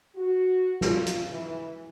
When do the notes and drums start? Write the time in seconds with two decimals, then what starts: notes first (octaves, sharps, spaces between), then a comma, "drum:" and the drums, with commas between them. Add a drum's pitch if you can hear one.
0.15 F#4
0.81 F4, drum: snare
1.06 drum: hi-hat
1.31 E3